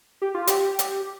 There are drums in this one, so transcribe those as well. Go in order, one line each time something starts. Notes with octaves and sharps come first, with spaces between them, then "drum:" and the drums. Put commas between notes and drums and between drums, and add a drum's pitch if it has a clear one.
G4
F4
G4, drum: hi-hat
drum: hi-hat